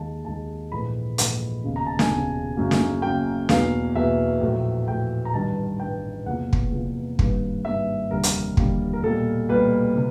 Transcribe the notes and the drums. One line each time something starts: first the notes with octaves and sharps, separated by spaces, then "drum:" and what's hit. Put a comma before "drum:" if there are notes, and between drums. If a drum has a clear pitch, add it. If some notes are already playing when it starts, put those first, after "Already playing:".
Already playing: D#2 D#3 G#3 A5
D#2 D#3 G#3 A5
A#1 G#2 E3 A3 B5
A#1 G#2 E3 A3, drum: hi-hat
E1 D#2 C#3
A#5
A5
G#5, drum: snare
E1 D#2 C#3
F#2 C#3 F#3 A#3
drum: snare
F#2 C#3 F#3 A#3 G5
E2 B2 F#3 A#3 F5, drum: snare
E2 B2 F#3 A#3 E5
A#1 A2 F#3 A3
A#1 A2 F#3 A3 G5
A#5
A1 G2 D#3 G3 A5
A1 G2 D#3 G3 G5
E2 C3 F3 A#3 F#5
drum: kick
E2 C3 F3 A#3
G#1 G2 D#3 G3 A#3, drum: kick
G#1 G2 D#3 G3 A#3 E5
F1 D#2 D3 G3 A#3 A#4
drum: hi-hat
F1 D#2 D3 G3 A#3, drum: kick
A#4
B1 A#2 G3 A#3 A4
B1 A#2 G3 A#3 B4
C3